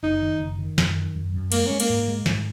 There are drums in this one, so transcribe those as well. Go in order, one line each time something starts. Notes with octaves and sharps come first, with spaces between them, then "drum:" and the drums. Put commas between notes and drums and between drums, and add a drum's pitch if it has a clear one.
F#1 D#4
D#3
F#1
D#3
F#2, drum: snare
D#3
F#2
F#2
G#3 A#3, drum: cymbal
G#3 C#4
A#3, drum: cymbal
G#2
G#3
G#2, drum: snare